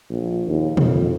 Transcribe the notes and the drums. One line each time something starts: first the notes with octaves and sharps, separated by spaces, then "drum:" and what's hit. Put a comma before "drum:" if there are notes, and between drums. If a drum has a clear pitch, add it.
A#1
D#2
F2, drum: tom